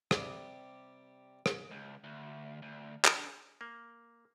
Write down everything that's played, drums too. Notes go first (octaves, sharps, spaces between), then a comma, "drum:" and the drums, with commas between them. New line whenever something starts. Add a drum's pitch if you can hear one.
C3 G3, drum: rim click
drum: rim click
C#2
D2
D2
D4 G#4, drum: clap
A#3